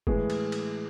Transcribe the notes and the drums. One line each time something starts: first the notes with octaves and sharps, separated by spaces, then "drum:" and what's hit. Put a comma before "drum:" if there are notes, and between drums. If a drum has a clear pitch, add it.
A2 E3 G#3 G#4, drum: kick F#1
drum: cymbal
drum: cymbal